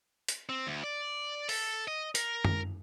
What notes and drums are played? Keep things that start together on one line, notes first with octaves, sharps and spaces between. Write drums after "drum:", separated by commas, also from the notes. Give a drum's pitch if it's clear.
drum: hi-hat
C4
D2
D5
A4, drum: open hi-hat
D#5
A#4, drum: hi-hat
drum: tom F#2